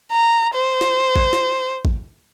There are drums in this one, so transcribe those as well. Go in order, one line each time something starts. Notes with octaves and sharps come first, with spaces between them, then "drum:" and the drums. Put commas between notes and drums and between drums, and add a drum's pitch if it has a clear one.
A#5
C5
drum: snare
drum: kick
drum: snare
drum: kick